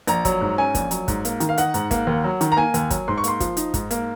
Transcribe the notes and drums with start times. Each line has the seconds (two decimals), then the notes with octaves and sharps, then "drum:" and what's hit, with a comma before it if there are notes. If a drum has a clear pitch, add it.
0.07 A#1 A#5, drum: hi-hat
0.25 F#3, drum: kick, hi-hat
0.41 G#2
0.58 C#4 G#5
0.75 A#1, drum: kick, hi-hat
0.91 F#3, drum: hi-hat
1.08 G#2, drum: kick, hi-hat
1.25 A#3, drum: hi-hat
1.40 D#3, drum: hi-hat
1.49 F5
1.58 D#4 F#5, drum: hi-hat
1.74 G#2, drum: hi-hat
1.91 A#3, drum: kick, hi-hat
2.07 D#2
2.24 F#3
2.41 D#3, drum: hi-hat
2.52 A#5
2.57 A#3 G#5
2.74 D#2, drum: hi-hat
2.90 F#3, drum: kick, hi-hat
3.08 G#2 C6
3.18 C#6
3.24 A#3 C6, drum: hi-hat
3.40 F3, drum: kick, hi-hat
3.57 D#4, drum: hi-hat
3.74 G#2, drum: kick, hi-hat
3.91 A#3, drum: hi-hat